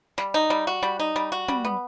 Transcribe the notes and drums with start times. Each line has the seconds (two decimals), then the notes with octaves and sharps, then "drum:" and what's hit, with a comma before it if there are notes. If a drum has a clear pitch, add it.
0.18 G3, drum: snare
0.34 D#4
0.50 G3
0.67 F#4
0.83 G3
0.99 D#4
1.16 G3
1.32 F#4
1.48 G3, drum: tom
1.65 B3